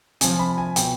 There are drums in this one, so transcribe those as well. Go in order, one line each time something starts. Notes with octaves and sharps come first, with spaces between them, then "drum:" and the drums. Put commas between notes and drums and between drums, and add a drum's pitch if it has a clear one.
C3 F3 G#5, drum: hi-hat
B5
G#5
B2 G5, drum: hi-hat